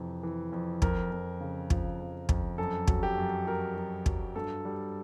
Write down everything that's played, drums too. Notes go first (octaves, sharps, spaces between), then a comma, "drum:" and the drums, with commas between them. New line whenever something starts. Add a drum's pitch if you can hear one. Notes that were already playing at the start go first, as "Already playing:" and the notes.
Already playing: F2 C3 E3
E3
F2
F2 A#4, drum: kick
F2
C#3
F3, drum: kick
F2
F2, drum: kick
F#2 A4
F#3, drum: kick
G4
F#2
F#3 A#4
F#3
F#3, drum: kick
G2 A4
G3